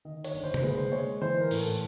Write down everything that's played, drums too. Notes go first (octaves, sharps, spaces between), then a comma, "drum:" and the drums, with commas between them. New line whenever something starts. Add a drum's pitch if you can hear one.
D#3 D#5
C#5, drum: cymbal
G1
C5
drum: tom C3
G#3 B4
C5
G#3 C#5
E3 C5
A#4
A2, drum: cymbal
A4